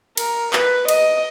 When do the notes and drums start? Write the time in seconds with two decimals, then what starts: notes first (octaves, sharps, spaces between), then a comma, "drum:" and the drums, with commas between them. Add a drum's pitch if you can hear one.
0.17 A#4, drum: cymbal
0.53 B4, drum: clap
0.88 D#5, drum: cymbal